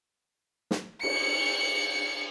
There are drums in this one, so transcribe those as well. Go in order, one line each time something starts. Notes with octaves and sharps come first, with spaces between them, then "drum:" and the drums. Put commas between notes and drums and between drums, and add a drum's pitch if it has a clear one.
drum: snare
C#7, drum: cymbal